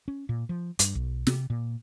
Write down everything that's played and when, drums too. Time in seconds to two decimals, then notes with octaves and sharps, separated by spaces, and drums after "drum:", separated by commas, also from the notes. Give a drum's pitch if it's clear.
0.08 C#4
0.29 A#2
0.49 F3
0.79 G2, drum: hi-hat
0.95 B1
1.27 C3, drum: snare
1.50 A#2